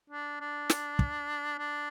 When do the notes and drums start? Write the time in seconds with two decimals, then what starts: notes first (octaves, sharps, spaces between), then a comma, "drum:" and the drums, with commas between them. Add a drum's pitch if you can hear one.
0.10 D4
0.41 D4
0.70 drum: snare
0.99 drum: kick
1.58 D4